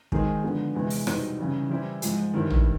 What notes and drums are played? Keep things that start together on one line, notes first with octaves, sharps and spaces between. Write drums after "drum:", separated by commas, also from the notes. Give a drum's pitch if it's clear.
D#3 G#3 C4 D#4 G#4, drum: kick
D3 F3 G#3 B3
E2 C3 E3 G#3
drum: open hi-hat
E2 B2 G3 C4 D#4, drum: rim click
C#3 E3 G3
E3 G3 C4 E4 G4
G#2 F3 G#3, drum: hi-hat
G2 D#3 G3 C4 E4
drum: tom